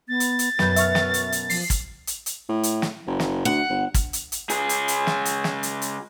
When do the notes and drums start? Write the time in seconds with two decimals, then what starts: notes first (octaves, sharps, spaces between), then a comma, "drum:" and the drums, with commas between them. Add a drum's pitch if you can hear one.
0.09 B3 A6
0.20 drum: hi-hat
0.39 drum: hi-hat
0.59 F#2 B2 B4 B5 G6, drum: snare
0.76 E5 C#6 F6, drum: hi-hat
0.95 drum: snare
1.14 drum: hi-hat
1.32 drum: hi-hat
1.50 F3 C7, drum: open hi-hat
1.70 drum: kick, hi-hat
2.07 drum: hi-hat
2.26 drum: hi-hat
2.49 A2
2.63 drum: hi-hat
2.82 drum: snare
3.07 F#1
3.20 drum: snare
3.45 D2 F#5
3.69 G1
3.94 drum: kick, hi-hat
4.13 drum: hi-hat
4.32 drum: hi-hat
4.50 C#2 G#4, drum: hi-hat
4.69 drum: hi-hat
4.88 drum: hi-hat
5.07 drum: snare
5.25 drum: hi-hat
5.44 drum: snare
5.63 drum: hi-hat
5.82 drum: hi-hat